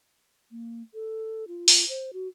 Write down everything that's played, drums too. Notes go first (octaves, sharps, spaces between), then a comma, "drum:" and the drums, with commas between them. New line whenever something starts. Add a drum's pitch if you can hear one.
A#3
A4
F4
drum: open hi-hat
C5
F#4